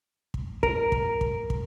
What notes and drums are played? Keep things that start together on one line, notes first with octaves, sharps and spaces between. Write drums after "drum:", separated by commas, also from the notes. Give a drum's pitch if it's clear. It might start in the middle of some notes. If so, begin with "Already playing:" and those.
drum: kick
A#4, drum: kick
drum: kick
drum: kick
drum: kick